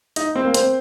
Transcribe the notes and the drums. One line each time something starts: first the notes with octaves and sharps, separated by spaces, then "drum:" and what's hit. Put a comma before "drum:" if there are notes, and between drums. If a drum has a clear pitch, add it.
D#4 D#5, drum: hi-hat
C4 C5
A#3 A#4
C4 C5, drum: hi-hat